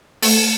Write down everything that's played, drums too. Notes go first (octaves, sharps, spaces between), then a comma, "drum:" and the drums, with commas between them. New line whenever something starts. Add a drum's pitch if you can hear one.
A3, drum: open hi-hat